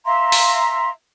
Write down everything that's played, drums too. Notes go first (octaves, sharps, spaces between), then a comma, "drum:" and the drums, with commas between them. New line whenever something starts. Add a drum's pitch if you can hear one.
E5 F5 A#5 C6
drum: open hi-hat